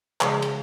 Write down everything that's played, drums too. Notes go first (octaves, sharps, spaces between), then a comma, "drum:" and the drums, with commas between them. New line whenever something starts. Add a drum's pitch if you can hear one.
C#3 F3 G#3 G#4, drum: clap
drum: cymbal